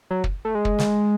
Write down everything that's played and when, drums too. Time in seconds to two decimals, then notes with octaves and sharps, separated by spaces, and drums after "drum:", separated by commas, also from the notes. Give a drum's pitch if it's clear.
0.11 F#3
0.24 drum: kick
0.45 A3
0.55 G#3
0.65 drum: kick
0.79 drum: snare